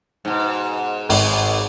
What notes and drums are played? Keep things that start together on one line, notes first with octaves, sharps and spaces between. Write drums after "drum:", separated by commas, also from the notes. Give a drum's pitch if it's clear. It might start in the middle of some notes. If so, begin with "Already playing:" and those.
G#2 B2
G#1, drum: open hi-hat